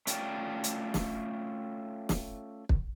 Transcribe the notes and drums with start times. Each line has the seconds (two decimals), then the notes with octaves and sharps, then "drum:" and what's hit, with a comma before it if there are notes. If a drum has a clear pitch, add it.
0.07 A3 C#4 F4 D5 G5, drum: hi-hat
0.64 drum: hi-hat
0.94 drum: snare
2.09 drum: snare
2.69 drum: kick